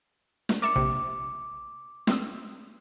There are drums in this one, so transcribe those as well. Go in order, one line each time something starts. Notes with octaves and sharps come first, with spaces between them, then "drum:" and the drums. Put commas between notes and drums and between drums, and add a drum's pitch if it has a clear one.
drum: snare
A#4 D5 E5 D6 C#7
A#1 C3
C4 D#6 E6, drum: snare